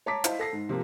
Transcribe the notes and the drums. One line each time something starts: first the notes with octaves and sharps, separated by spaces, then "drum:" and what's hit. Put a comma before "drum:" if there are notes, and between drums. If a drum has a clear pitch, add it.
C#5 A5 A#5 D6 B6
E4 C5 D#5 F5, drum: hi-hat
A4 A#6 C7
G#2
C3 F3 A#3